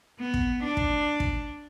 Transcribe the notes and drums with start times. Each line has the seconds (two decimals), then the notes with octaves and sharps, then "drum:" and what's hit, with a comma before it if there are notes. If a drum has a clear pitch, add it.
0.19 B3
0.34 drum: kick
0.63 D4
0.77 drum: kick
1.20 drum: kick